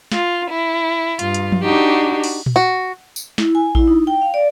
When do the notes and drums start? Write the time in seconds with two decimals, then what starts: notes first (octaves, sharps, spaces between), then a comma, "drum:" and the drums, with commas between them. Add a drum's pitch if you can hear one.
0.12 F4, drum: snare
0.49 E4
1.19 G2 F4, drum: hi-hat
1.34 drum: hi-hat
1.52 drum: tom F3
1.62 D4 D#4 F#4 G4
2.24 drum: open hi-hat
2.46 drum: tom A#2
2.56 F#4
3.16 drum: tambourine
3.38 E4, drum: snare
3.55 G#5
3.75 E4, drum: kick A1
3.88 D#4
4.07 G5
4.22 F5
4.34 D5